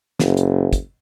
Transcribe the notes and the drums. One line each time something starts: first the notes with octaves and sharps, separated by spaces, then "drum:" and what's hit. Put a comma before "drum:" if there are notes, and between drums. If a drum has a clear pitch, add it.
F#1, drum: snare
drum: hi-hat
drum: kick, hi-hat